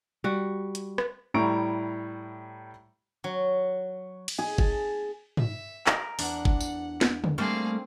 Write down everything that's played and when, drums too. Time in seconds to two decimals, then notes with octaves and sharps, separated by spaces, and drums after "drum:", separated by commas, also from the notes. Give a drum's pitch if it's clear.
0.24 G3 F#4
0.75 drum: hi-hat
0.98 drum: rim click
1.34 A2 G3 E4 A#5 C#6 D7
3.24 F#3
4.28 drum: cymbal
4.39 G#4
4.58 A5, drum: kick
5.37 E5, drum: tom
5.86 A#4, drum: clap
6.19 E2 D4 F#5, drum: open hi-hat
6.45 drum: kick
6.61 drum: tambourine
7.01 drum: snare
7.24 drum: tom
7.38 G3 A3 A#3 C4 G#4 F5